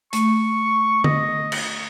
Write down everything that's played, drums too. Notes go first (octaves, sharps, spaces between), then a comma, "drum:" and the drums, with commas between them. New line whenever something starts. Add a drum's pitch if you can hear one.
A3 C#6, drum: hi-hat
D#5, drum: tom D3
drum: cymbal